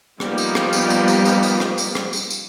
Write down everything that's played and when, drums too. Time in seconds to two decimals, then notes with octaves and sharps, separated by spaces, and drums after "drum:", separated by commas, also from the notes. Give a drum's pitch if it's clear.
0.20 F3 G3 A#3 B3 D#4, drum: rim click
0.38 drum: tambourine
0.55 drum: rim click
0.73 drum: tambourine
0.90 drum: tambourine
1.08 drum: tambourine
1.25 drum: tambourine
1.43 drum: tambourine
1.60 drum: rim click
1.78 drum: tambourine
1.95 drum: rim click
2.13 drum: tambourine
2.30 drum: tambourine